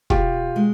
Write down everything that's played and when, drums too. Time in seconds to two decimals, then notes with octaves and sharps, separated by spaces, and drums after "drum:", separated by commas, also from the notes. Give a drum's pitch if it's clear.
0.10 B2 F4 G4, drum: kick
0.56 G#3